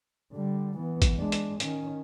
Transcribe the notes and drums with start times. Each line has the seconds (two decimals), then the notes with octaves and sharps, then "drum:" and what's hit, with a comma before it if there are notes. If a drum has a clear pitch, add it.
0.32 D3 G3
0.77 E3 B3
1.02 drum: kick G#1, hi-hat
1.17 G#3 D4
1.32 drum: hi-hat
1.60 D#3 C#4, drum: hi-hat